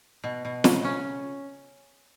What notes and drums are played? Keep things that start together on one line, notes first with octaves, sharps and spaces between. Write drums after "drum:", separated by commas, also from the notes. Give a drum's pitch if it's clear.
B2
B2
C#3, drum: snare
C#4